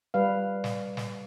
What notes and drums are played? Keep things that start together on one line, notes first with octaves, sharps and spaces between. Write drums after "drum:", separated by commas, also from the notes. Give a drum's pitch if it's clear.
G3 B4 F5
drum: snare
drum: snare